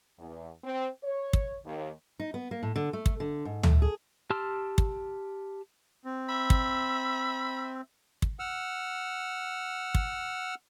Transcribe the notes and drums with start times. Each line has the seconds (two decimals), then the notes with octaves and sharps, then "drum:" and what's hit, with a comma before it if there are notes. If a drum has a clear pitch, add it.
0.19 E2
0.64 C4
1.03 C#5
1.33 drum: kick
1.65 D#2
2.19 D#4
2.34 B3
2.51 A#3
2.63 A2
2.76 D3
2.93 A3
3.06 drum: kick
3.20 D3
3.45 G#2
3.63 A3, drum: tom
3.82 G#4
4.30 G4 A5 C6 E6 F6
4.78 drum: kick
6.05 C4
6.29 E5 B5
6.50 drum: kick
8.22 drum: kick
8.39 F#5 E6 F6
9.95 drum: kick